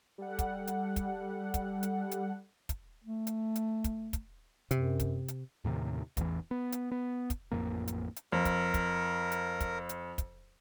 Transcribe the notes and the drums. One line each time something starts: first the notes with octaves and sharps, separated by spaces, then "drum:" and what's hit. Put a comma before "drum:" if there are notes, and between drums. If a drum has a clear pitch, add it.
G3 A4 F#5
drum: kick, hi-hat
drum: hi-hat
drum: kick, hi-hat
drum: kick, hi-hat
drum: hi-hat
drum: hi-hat
drum: kick, hi-hat
A3
drum: hi-hat
drum: hi-hat
drum: kick, hi-hat
drum: kick, hi-hat
F#2 C3, drum: hi-hat
drum: kick, hi-hat
drum: hi-hat
D#2 A2 C3 D#3
A1 E2 E3, drum: kick, hi-hat
B3
drum: hi-hat
B3
drum: kick, hi-hat
A1 F2 A2 A#3
drum: hi-hat
drum: hi-hat
F2 A#4
drum: kick, hi-hat
drum: kick, hi-hat
drum: hi-hat
drum: kick, hi-hat
drum: hi-hat
drum: kick, hi-hat